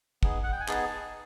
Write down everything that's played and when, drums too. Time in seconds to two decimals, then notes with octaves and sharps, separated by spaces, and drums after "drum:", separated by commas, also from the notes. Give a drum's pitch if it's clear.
0.23 B3 D#4 G#4, drum: kick
0.43 F#5
0.52 G5
0.60 G#5
0.68 B3 D#4 G#4 A5, drum: clap